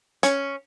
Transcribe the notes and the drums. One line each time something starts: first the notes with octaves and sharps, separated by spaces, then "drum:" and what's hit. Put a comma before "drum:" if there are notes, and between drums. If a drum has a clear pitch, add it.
C#4, drum: hi-hat